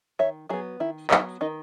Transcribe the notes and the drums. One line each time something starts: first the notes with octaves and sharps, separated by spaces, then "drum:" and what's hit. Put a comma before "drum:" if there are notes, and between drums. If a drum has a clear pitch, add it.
D#3 C#5 E5
F#3 B3 E4 G#4
D#3 E4
F#3 B3 D#4, drum: clap
D#3 D#4